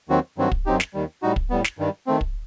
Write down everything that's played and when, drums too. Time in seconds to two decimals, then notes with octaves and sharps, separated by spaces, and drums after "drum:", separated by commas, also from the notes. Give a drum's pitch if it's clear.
0.09 D#2 D#3 F#3 C4 F#4
0.38 G2 D#3 F#3 C4 F#4
0.52 drum: kick
0.66 F#2 F#3 C4 D#4 G4
0.80 drum: snare
0.94 D#2 D#3 G3
1.22 A2 G3 D#4 F#4
1.36 drum: kick
1.50 A2 G3 B3
1.64 drum: snare
1.78 G2 D#3 G3
2.07 D#3 A3 C4
2.21 drum: kick